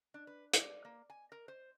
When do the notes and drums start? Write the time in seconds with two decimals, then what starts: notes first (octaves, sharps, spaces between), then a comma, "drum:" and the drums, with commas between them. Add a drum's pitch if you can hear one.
0.14 D4
0.27 B4
0.54 D5, drum: hi-hat
0.85 A#3
1.10 G#5
1.32 A#4
1.48 C5